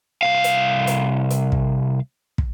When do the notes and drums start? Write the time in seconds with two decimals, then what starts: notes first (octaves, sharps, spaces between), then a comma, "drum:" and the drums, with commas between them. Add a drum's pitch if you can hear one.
0.23 C2 F5
0.44 drum: hi-hat
0.87 drum: hi-hat
1.30 drum: hi-hat
1.52 drum: kick
2.38 drum: kick